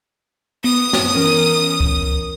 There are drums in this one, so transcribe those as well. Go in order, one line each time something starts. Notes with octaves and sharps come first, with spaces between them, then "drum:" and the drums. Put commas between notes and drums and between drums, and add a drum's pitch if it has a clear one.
B3 D#6
drum: snare
E3 C#4 A#4
drum: kick C#2